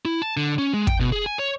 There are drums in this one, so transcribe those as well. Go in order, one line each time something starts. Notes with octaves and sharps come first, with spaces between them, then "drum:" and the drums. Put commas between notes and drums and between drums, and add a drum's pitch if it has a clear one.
E4
A5
D3
C#4
G#3
G5, drum: kick
B2
G#4
G#5
C#5